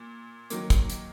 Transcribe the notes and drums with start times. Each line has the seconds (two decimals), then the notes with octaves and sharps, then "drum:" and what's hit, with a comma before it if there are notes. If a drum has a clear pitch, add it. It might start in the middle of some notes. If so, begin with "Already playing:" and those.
Already playing: A#2
0.50 D#3 F#3 A#3, drum: hi-hat
0.70 drum: kick, hi-hat
0.90 drum: hi-hat